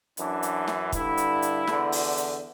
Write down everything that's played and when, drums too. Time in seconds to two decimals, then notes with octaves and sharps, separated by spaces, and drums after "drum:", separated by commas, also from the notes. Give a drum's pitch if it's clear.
0.17 F#2 E3 D4, drum: hi-hat
0.43 drum: hi-hat
0.68 drum: snare
0.92 G2 D3 E4, drum: kick, hi-hat
1.17 drum: hi-hat
1.42 drum: hi-hat
1.67 E2 D3, drum: snare
1.92 drum: open hi-hat
2.17 drum: hi-hat